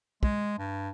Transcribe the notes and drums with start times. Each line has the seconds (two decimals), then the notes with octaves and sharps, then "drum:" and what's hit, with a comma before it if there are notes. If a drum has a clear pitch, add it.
0.23 G#3, drum: kick
0.59 G2